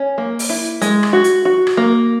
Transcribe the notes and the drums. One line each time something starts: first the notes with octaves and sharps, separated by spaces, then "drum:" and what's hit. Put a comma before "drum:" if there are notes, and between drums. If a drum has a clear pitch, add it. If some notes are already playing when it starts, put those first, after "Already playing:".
Already playing: C#4
A#3
drum: open hi-hat
E4
G#3, drum: hi-hat
drum: rim click
F#4
drum: hi-hat
F#4
drum: rim click
A#3